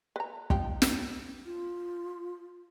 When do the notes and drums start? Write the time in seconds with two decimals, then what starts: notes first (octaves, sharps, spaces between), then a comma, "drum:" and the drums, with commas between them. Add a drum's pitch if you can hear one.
0.16 B4 A#5
0.50 F3 D#4 G4, drum: kick
0.82 drum: snare
1.45 F4